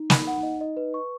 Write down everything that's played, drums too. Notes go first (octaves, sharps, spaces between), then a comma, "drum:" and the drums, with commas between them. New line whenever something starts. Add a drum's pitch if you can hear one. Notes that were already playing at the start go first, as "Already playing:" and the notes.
Already playing: D#4
B5, drum: snare
F#5
D#5
D#5
B4
C#6